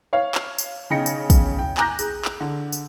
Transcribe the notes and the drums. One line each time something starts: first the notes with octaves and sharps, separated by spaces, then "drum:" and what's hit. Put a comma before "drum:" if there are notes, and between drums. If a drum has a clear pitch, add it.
C#5 F5
drum: clap
drum: tambourine
B1 C#3 D#4 G5 A#6 C#7
drum: tambourine
drum: kick, tambourine
G5
G#5 A#5 D6 F#6 G6 A#6, drum: clap
G#4, drum: tambourine
drum: clap
D3
drum: tambourine